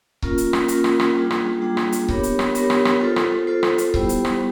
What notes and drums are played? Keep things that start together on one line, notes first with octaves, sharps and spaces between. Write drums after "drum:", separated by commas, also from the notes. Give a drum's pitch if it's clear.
A#3 C#4 F4 A#4, drum: kick C#1
drum: hi-hat
drum: rim click
A#3 C#4 F4 A#4, drum: hi-hat
drum: rim click
drum: rim click
G3 A#3 D4 F4 G#4
drum: rim click
G3 A#3 D4 F4 G#4
drum: rim click
drum: hi-hat
B3 D4 G4 A#4 C#5, drum: kick C#1
drum: hi-hat
drum: rim click
B3 D4 G4 A#4 C#5, drum: hi-hat
drum: rim click
drum: rim click
F4 A4 C5
drum: rim click
F4 A4 C5
drum: rim click
drum: hi-hat
G3 B3 E4 G4 C5, drum: kick C#1
drum: hi-hat
drum: rim click